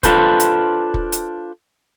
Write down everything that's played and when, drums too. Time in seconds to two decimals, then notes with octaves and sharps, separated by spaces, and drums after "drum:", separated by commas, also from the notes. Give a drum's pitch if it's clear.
0.03 D4 F4 A4 B4 C5, drum: kick, hi-hat
0.40 drum: hi-hat
0.94 drum: kick
1.12 drum: hi-hat